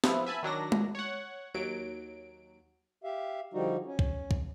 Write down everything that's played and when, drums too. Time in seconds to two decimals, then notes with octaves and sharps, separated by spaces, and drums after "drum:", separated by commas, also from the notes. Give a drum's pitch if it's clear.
0.04 F3 B3 E4, drum: snare
0.26 E5 G#5 A5 B5
0.43 D#3 F#3 D4 A#6
0.72 drum: tom G#3
0.95 C#5 F#5
1.54 D#2 F#3 D7
3.04 G4 E5 F5
3.54 D3 F3 G3 D#4 F#4
3.86 C#4
3.99 drum: kick
4.31 drum: kick